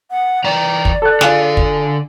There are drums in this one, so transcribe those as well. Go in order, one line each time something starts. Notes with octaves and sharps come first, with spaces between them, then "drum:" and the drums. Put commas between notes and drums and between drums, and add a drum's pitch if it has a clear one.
F#5
E3 D5 G5 A#5
drum: kick
A4 F#6
D3 F4 G#4 A4, drum: snare
drum: kick